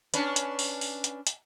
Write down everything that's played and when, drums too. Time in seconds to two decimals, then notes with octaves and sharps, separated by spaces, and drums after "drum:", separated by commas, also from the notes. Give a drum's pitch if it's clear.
0.14 C#4 D4 B4, drum: hi-hat
0.36 drum: hi-hat
0.59 drum: open hi-hat
0.81 drum: open hi-hat
1.04 drum: hi-hat
1.27 drum: hi-hat